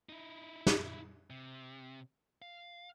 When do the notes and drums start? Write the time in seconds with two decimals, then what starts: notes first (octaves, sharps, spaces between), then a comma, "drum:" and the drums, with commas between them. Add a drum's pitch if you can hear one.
0.09 D#4 E4
0.67 drum: snare
1.30 C3
2.42 F5